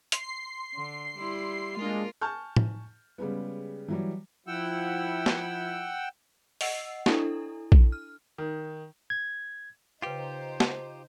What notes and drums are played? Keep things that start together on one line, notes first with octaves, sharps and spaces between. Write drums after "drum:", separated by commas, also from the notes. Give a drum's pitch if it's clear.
C6 C7, drum: hi-hat
D3
G3 E4
G#3 A#3 D4 F4 A#4
G#5 A5 C#6 F6 G6
drum: tom A2
C#3 G3 G#3 B3
E3 F#3 G3
F3 E4 F#5 G5 E6
drum: snare
D#5 F#5 E6 C7, drum: open hi-hat
D4 E4 A4, drum: snare
drum: kick A#1
F6
D#3
G#6
C#3 D#4 F4 G4 B4 C5 G5
drum: snare